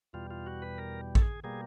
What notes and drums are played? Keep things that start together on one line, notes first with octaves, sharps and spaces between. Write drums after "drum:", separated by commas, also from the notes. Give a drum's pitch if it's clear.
E2 B2 G3 F4
F4
F#4
B4
A#4
A4, drum: kick
G#4
B2 G3 A#3 G#4